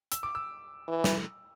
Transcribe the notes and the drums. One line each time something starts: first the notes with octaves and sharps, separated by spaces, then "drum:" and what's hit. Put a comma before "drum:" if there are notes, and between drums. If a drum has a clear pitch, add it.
E6, drum: hi-hat
D6
E6
E3
drum: snare